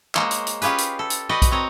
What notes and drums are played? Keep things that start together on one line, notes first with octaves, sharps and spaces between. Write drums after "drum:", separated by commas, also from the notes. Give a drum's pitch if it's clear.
G#3 A#3 C5 C#5, drum: clap
drum: hi-hat
drum: hi-hat
C#4 F4 G4 G#4 B4, drum: hi-hat
drum: hi-hat
A4
drum: hi-hat
F#4 B4 D5 D#5 G5
drum: kick B1, hi-hat
C4 C#5 D#5 A#5